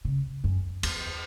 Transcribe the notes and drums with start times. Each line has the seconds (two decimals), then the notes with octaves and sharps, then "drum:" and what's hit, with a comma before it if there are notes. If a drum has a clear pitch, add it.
0.05 C#3
0.44 F#2
0.83 E2, drum: cymbal